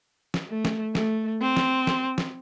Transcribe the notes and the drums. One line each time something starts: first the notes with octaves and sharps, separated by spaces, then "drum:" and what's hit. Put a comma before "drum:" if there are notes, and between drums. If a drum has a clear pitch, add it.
drum: snare
A3
drum: snare
A3, drum: snare
C4
drum: snare
drum: snare
drum: snare